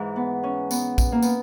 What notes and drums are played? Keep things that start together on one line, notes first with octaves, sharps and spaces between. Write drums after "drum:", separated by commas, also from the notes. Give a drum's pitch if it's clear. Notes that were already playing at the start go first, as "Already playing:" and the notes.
Already playing: G#2 E3
B3
C#4
B3, drum: tambourine
drum: kick A#1, tambourine
A#3
B3, drum: tambourine